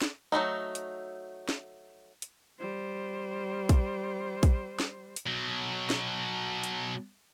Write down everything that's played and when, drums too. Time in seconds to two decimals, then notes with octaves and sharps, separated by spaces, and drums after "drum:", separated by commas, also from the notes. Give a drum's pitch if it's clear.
0.02 drum: snare
0.32 F#3 G#3 A3 D#4
0.75 drum: hi-hat
1.49 drum: snare
2.22 drum: hi-hat
2.59 G3 C5
3.69 drum: kick, hi-hat
4.43 drum: kick, hi-hat
4.80 drum: snare
5.16 drum: hi-hat
5.27 B2 F#3
5.90 drum: snare
6.64 drum: hi-hat